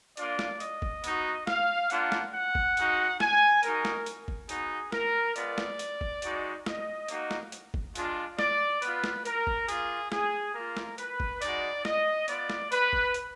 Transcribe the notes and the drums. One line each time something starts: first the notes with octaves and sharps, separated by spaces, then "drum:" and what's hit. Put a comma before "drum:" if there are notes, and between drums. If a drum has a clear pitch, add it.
A#3 D4 F4 D5, drum: hi-hat
drum: snare
D#5, drum: hi-hat
drum: kick
B3 D#4 F#4, drum: hi-hat
F5, drum: snare
A#3 D4 F4 F#5, drum: hi-hat
drum: snare
F#5
drum: kick
G#3 D#4 F#4, drum: hi-hat
G#5, drum: snare
G#3 D#4 F#4 A#4, drum: hi-hat
drum: snare
drum: hi-hat
drum: kick
B3 D#4 F#4 G#4, drum: hi-hat
A#4, drum: snare
G#3 B3 F4 D5, drum: hi-hat
drum: snare
drum: hi-hat
drum: kick
G#3 D#4 F#4, drum: hi-hat
D#5, drum: snare
A#3 D#4 F#4, drum: hi-hat
drum: snare
drum: hi-hat
drum: kick
G#3 D4 F4, drum: hi-hat
D5, drum: snare
B3 F4 B4, drum: hi-hat
drum: snare
A#4, drum: hi-hat
drum: kick
A#3 F4 G#4, drum: hi-hat
G#4, drum: snare
A#3 F4 A#4
drum: snare
B4, drum: hi-hat
drum: kick
G#3 D#4 F#4 D5, drum: hi-hat
D#5, drum: snare
B3 F4 D5, drum: hi-hat
drum: snare
B4, drum: hi-hat
drum: kick
drum: hi-hat